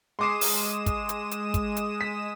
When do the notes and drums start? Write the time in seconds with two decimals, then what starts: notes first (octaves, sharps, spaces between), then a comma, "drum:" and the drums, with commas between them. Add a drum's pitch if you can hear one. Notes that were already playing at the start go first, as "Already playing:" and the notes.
0.19 G#3 C6 D6 D#6 C7 E7
0.41 drum: open hi-hat
0.86 drum: kick, hi-hat
1.09 drum: hi-hat
1.31 drum: hi-hat
1.54 drum: kick, hi-hat
1.77 drum: hi-hat
2.01 B6